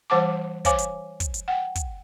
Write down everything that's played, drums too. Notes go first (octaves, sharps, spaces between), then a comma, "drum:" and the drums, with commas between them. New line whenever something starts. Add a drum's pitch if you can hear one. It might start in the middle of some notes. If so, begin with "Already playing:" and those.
E3 G3 C5 F#5 A5 D6
C5 C#5 F5 G#5 D6, drum: kick, hi-hat
drum: hi-hat
drum: kick, hi-hat
drum: hi-hat
F#5 G5
drum: kick, hi-hat